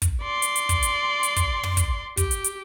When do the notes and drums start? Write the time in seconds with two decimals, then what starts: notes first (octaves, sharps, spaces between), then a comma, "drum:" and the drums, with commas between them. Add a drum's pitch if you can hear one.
0.02 drum: kick, hi-hat
0.23 D5 C6
0.42 drum: hi-hat
0.56 drum: hi-hat
0.69 drum: kick, hi-hat
0.83 drum: hi-hat
1.23 drum: hi-hat
1.36 drum: kick, hi-hat
1.63 drum: tom
1.77 drum: kick, hi-hat
2.17 G4, drum: kick, hi-hat
2.31 drum: hi-hat
2.44 drum: hi-hat